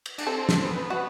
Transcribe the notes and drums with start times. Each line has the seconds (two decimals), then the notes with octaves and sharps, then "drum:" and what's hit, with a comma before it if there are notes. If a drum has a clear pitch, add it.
0.06 drum: cymbal
0.18 D4, drum: cymbal
0.27 C4 A4
0.49 drum: snare
0.64 B3
0.90 F#4